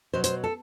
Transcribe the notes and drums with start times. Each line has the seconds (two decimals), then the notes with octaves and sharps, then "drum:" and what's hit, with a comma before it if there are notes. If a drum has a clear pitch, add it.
0.13 B2 F#3 C5
0.24 C5, drum: hi-hat
0.44 A4